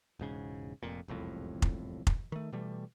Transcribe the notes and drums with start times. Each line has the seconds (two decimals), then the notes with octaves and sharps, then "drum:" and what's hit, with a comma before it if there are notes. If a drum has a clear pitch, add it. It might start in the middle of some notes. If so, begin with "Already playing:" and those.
0.19 E1 G#2 C#3
0.83 F1 F2 A#2
1.08 E1 C2 F2 A2
1.62 drum: kick F1
2.07 drum: kick F1
2.32 D#3 A3
2.52 B2 E3 G3 A3